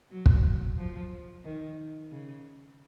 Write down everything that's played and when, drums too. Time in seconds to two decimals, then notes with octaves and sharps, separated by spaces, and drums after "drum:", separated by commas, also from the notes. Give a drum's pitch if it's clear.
0.11 F#3
0.26 drum: kick
0.77 F3
1.45 D#3
2.12 C#3